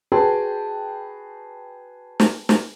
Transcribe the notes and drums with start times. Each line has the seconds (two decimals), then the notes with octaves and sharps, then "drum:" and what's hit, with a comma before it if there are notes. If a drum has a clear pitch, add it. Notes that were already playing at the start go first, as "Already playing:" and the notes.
0.12 F#4 G#4 B4 G5 A5 C6
2.20 drum: snare
2.49 drum: snare